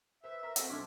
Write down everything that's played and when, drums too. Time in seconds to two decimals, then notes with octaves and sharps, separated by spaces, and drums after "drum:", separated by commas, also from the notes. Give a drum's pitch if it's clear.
0.24 B4 C5 E5
0.43 A#4 E5 A#5
0.56 C4 F#4 A4, drum: hi-hat
0.70 B1 C#4 D4 E4 C6 D6